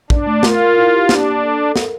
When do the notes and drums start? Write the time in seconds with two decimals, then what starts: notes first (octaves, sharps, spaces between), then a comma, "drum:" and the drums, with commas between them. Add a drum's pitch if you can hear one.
0.10 D4 D5, drum: kick
0.27 A3
0.43 F4 A#4, drum: snare
0.59 A#4
0.76 E4
0.93 G4
1.09 A#3 D4, drum: snare
1.27 A#3
1.42 A4
1.59 A4
1.76 A#4, drum: snare